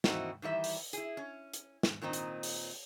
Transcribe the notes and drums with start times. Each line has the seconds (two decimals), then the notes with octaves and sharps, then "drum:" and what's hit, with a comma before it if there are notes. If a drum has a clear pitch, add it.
0.04 E3 A3 A#3 C4 D#4 F#4, drum: snare
0.42 D#3 E3 G3 E5
0.64 drum: open hi-hat
0.93 E4 G#4, drum: hi-hat
1.17 C#4
1.54 drum: hi-hat
1.83 drum: snare
2.02 A#2 D#3 C4 D#4
2.13 drum: hi-hat
2.43 drum: open hi-hat